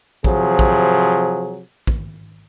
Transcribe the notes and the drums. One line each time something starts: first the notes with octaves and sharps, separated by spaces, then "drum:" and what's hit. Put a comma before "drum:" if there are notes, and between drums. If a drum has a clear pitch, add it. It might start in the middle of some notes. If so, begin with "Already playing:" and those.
C3 F3 F#3 G#4, drum: kick
drum: kick
drum: kick